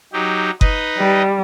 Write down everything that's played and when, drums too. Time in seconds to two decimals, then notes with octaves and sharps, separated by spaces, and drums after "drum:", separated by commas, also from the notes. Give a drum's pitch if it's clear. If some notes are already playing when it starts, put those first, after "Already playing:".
0.13 F#3 D#4 G4
0.61 D#4 B4 D#5, drum: kick F#1
0.98 G3